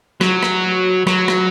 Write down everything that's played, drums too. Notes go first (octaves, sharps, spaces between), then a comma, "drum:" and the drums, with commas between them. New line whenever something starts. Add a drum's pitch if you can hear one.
F#3, drum: rim click
drum: rim click
F#3, drum: rim click
drum: rim click